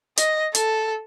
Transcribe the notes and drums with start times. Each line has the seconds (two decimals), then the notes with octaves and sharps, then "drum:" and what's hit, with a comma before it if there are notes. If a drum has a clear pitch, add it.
0.17 D#5, drum: hi-hat
0.55 A4, drum: hi-hat